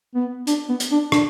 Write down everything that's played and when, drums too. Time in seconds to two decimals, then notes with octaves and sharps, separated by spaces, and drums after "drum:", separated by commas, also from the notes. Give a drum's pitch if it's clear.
0.15 B3
0.47 D4, drum: hi-hat
0.69 B3
0.80 drum: hi-hat
0.92 D4
1.12 D4, drum: rim click